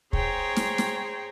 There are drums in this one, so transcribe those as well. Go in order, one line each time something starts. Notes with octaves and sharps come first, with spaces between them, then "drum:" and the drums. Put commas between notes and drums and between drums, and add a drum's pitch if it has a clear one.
G#4 C5 C#5 G5 A#5, drum: kick
drum: snare
drum: snare